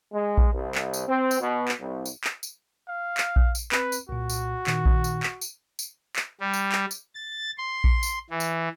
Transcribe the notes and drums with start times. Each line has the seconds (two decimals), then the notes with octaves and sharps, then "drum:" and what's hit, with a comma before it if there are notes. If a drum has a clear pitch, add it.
0.12 G#3
0.38 drum: kick A#1
0.53 C2
0.75 drum: clap
0.94 drum: tambourine
1.07 C4
1.31 drum: tambourine
1.40 B2
1.68 drum: clap
1.79 C2
2.06 drum: tambourine
2.24 drum: clap
2.43 drum: tambourine
2.88 F5
3.18 drum: clap
3.36 drum: kick A#1
3.55 drum: tambourine
3.72 C4 B4, drum: clap
3.92 drum: tambourine
4.09 C2 A#2 F#4
4.30 drum: tambourine
4.67 A#2 D#3, drum: clap
4.85 drum: kick A#1
5.04 drum: tambourine
5.23 drum: clap
5.41 drum: tambourine
5.79 drum: tambourine
6.16 drum: clap
6.40 G3
6.53 drum: tambourine
6.72 drum: clap
6.91 drum: tambourine
7.15 A6
7.58 C6
7.84 drum: kick A#1
8.03 drum: tambourine
8.30 E3
8.40 drum: tambourine